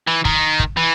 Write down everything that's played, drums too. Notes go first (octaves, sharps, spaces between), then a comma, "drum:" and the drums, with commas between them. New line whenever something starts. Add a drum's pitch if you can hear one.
E3
D#3, drum: kick
drum: kick
E3